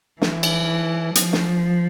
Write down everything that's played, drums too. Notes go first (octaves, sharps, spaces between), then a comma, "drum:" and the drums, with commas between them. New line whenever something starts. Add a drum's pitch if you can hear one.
E3, drum: snare
drum: cymbal
F3, drum: hi-hat
drum: snare